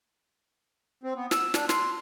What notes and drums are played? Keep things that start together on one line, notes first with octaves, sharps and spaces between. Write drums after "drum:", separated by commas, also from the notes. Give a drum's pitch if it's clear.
C4
B3
E6, drum: snare
D4, drum: snare
C6, drum: snare